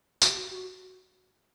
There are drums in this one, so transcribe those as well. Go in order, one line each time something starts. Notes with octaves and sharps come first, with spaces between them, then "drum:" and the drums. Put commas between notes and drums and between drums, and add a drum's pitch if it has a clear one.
F#4, drum: tambourine
G4
F#4
F#4